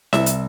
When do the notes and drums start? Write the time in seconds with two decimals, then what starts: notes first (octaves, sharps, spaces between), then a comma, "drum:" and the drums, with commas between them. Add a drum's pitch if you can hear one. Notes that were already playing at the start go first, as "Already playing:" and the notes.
0.13 C2 E5, drum: snare E4
0.26 drum: hi-hat